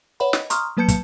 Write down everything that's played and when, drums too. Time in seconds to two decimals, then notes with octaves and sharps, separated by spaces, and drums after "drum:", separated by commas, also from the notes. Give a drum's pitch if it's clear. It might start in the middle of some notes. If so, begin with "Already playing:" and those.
0.20 B4 C#5 E5 F#5 B5
0.33 D#5, drum: snare
0.50 A#5 C6 C#6 D#6 F6, drum: hi-hat
0.77 F#3 A#3 B4 A5 G6 C#7
0.88 drum: kick, hi-hat